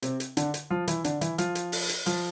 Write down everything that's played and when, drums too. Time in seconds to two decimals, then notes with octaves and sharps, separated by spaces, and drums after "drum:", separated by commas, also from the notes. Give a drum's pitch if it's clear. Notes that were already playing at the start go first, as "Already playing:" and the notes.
0.02 C3 C4, drum: hi-hat
0.20 drum: hi-hat
0.37 D3 D4, drum: hi-hat
0.54 drum: hi-hat
0.70 F3 F4
0.88 E3 E4, drum: hi-hat
1.04 D3 D4, drum: hi-hat
1.21 E3 E4, drum: hi-hat
1.38 F3 F4, drum: hi-hat
1.55 drum: hi-hat
1.72 drum: open hi-hat
1.89 drum: hi-hat
2.06 F3 F4, drum: hi-hat